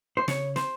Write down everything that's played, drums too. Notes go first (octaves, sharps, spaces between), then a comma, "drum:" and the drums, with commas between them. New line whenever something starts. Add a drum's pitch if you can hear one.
C5
C#3 C#5, drum: snare
C5, drum: snare